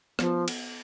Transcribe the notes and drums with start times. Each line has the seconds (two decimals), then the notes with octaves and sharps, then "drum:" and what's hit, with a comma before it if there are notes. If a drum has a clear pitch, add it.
0.19 F3 B3, drum: rim click
0.48 drum: cymbal